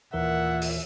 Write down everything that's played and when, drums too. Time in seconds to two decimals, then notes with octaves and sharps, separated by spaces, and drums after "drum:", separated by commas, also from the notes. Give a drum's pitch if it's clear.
0.13 D#2 A#2 E3 A#4 E5 F#5
0.62 drum: open hi-hat